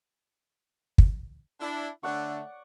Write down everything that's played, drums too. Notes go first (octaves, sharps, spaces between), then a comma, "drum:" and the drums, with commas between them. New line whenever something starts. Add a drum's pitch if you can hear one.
drum: kick
D4 E4
D3 A3 D4 D5 F#5 C#6